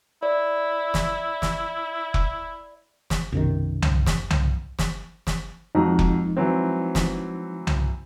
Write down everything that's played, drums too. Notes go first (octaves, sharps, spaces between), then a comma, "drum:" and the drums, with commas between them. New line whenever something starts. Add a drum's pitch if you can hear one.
E4 D5
drum: snare
drum: snare
drum: kick F1
drum: snare
B1 F#2 C3 D#3
drum: tom C2
drum: snare
drum: tom C2
drum: snare
drum: snare
F2 F3 G#3 D#4 F#4 A#5
drum: kick F1
E3 F#3 C4
drum: snare
drum: tom C2